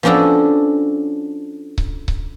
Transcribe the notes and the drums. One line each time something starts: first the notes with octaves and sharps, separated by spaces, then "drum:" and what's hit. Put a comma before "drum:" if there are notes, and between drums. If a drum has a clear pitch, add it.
F3 B3 C#4 D4 F#4 A4
drum: kick C#1
drum: kick C#1